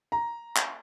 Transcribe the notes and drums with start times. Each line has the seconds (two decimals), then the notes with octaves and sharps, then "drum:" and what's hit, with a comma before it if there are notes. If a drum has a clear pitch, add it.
0.12 A#5
0.56 drum: clap